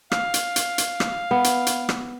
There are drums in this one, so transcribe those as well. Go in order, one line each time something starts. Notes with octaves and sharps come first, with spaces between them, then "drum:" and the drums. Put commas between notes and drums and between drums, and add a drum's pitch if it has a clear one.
F5, drum: rim click
drum: hi-hat
drum: hi-hat
drum: hi-hat
drum: rim click
B3
drum: hi-hat
drum: hi-hat
drum: rim click